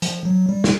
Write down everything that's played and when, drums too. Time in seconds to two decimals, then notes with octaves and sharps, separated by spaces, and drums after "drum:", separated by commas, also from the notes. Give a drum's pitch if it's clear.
0.02 F3, drum: hi-hat
0.25 F#3
0.49 G3
0.64 drum: snare